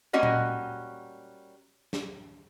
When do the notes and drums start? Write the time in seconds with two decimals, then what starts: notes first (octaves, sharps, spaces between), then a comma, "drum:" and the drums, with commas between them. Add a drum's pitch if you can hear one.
0.13 G3 A#3 C#4 F#4 D#5 F#5
0.23 drum: tom A#2
1.93 drum: snare